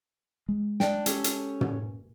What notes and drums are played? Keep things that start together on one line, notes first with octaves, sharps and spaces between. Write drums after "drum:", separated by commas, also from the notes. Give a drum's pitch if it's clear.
G#3
D4 D5 G5, drum: snare
C#4 G4 A4, drum: hi-hat
drum: hi-hat
drum: tom